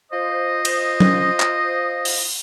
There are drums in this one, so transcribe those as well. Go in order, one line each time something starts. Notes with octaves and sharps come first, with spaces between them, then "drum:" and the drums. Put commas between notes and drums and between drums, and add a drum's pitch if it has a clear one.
F4 C5 D#5
drum: cymbal
drum: tom F#3
drum: clap
drum: open hi-hat